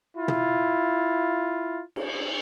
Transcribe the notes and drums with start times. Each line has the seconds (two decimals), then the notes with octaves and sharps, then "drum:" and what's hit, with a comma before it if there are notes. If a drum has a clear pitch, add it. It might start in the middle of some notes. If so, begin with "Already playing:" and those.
0.17 E4 F4
0.28 drum: tom
1.96 drum: cymbal